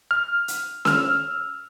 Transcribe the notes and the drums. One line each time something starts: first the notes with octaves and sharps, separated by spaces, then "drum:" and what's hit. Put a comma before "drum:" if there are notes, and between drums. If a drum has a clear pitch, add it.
F6
drum: hi-hat
E6 F6, drum: snare C#4